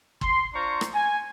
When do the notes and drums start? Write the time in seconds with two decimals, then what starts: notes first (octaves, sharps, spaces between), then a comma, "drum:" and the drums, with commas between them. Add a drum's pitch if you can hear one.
0.21 C6, drum: kick
0.54 D4 F4 C5 A#5 C#6
0.81 drum: rim click
0.94 G#5